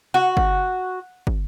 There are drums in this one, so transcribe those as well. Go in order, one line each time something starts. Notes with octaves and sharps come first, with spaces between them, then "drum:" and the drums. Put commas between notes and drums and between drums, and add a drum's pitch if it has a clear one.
F#4
drum: kick
drum: kick